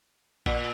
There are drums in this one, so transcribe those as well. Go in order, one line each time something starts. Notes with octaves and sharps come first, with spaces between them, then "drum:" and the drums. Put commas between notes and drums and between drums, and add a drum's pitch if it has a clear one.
A#2, drum: kick A#1